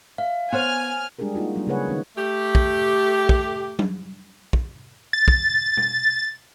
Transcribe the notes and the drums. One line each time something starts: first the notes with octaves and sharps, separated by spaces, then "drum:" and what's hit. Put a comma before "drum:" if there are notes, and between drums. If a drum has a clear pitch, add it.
E5 F5
B3 C5 C#5 F#5 G#5 F6
G3 G#3 D4 G4 G#4 A#4
A#3 D#4 F4 F#4
F#3 G3 A#3 D4
C#3 A#3 G#4 B4 C#5 F#5
D#3 B3 D#4
A3 G4
drum: kick
drum: kick
drum: tom F#3
drum: kick
A6
drum: kick
drum: tom B2